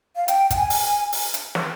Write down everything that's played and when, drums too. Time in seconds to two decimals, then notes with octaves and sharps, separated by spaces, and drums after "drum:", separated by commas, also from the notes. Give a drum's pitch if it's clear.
0.16 F5
0.28 G5, drum: hi-hat
0.50 G5, drum: kick, hi-hat
0.57 G#5
0.70 drum: open hi-hat
0.84 G#5
1.13 drum: open hi-hat
1.34 drum: hi-hat
1.55 drum: snare